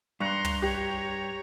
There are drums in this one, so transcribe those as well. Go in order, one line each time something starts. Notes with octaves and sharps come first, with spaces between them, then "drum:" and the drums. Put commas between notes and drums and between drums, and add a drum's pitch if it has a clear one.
G2 A#5 C6 C#6 F#6 C#7
drum: tom
G4 C#5 A#5